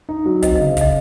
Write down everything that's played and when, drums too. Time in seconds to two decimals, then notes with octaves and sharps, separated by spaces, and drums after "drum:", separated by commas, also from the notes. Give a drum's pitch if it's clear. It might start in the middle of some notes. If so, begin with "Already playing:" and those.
0.09 D#4
0.26 F#3
0.42 C4 D#5, drum: kick, hi-hat
0.56 C#3 D#5
0.77 C#3 D#5, drum: kick, hi-hat